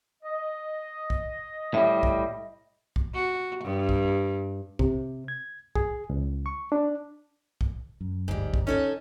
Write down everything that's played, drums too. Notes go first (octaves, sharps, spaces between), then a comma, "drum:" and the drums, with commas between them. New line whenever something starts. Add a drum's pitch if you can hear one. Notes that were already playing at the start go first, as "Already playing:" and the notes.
D#5
drum: kick B1
A2 G3 E5
drum: kick B1
drum: kick B1
F#4
G2
drum: kick B1
C3, drum: kick B1
G#6
G#4, drum: kick B1
C#2
C#6
D4
drum: kick B1
F#2
G1 D2 G#2 G3
drum: kick B1
C#4 D#4 A4 C#5